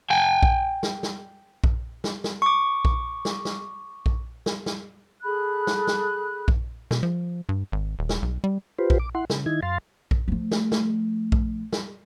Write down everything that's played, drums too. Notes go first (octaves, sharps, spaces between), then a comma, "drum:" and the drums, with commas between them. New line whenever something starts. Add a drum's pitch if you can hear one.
G5 G#5
drum: kick A#1
drum: snare
drum: snare
drum: kick A#1
drum: snare
drum: snare
C#6 D6
drum: kick A#1
drum: snare
drum: snare
drum: kick A#1
drum: snare
drum: snare
G#4 A4 B5 F#6
drum: snare
drum: snare
drum: kick A#1
B2, drum: snare
F3
G2
G#1
D#1
drum: snare
B1
G3
F4 G4 B4 C5
drum: kick A#1
D6
E4 F#5 C6
C#3, drum: snare
D#3 D#4 E4 G#6
F#2 F5 C6 A6
drum: kick A#1
F3 A3
drum: snare
drum: snare
drum: kick A#1
drum: snare